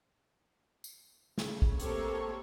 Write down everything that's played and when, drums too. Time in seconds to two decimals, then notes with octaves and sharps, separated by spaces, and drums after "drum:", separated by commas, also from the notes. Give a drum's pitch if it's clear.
0.84 drum: tambourine
1.38 C#3 A3, drum: snare
1.62 drum: kick
1.80 A3 A#3 C4 G4 A4 C#5, drum: hi-hat